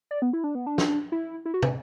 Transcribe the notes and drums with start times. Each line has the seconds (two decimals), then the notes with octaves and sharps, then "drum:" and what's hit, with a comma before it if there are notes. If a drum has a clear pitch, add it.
0.11 D5
0.22 B3
0.33 E4
0.44 D4
0.55 B3
0.67 D4
0.78 drum: snare
1.12 E4
1.46 E4
1.54 F#4
1.63 B4, drum: tom